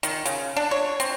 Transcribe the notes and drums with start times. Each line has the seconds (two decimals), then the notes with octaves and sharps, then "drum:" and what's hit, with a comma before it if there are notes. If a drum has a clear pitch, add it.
0.03 D#3, drum: hi-hat
0.26 C#3, drum: hi-hat
0.57 D4
0.71 C#5
1.00 C4, drum: hi-hat